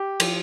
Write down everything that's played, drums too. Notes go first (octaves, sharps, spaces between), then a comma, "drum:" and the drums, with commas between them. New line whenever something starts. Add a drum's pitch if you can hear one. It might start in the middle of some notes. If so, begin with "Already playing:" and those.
Already playing: G4
F3, drum: cymbal